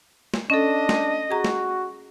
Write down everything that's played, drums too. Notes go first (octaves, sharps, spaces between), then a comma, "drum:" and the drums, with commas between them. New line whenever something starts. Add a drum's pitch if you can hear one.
drum: snare
C#4 D4 A4 D#5
drum: snare
F#4 G#4 A#5
drum: snare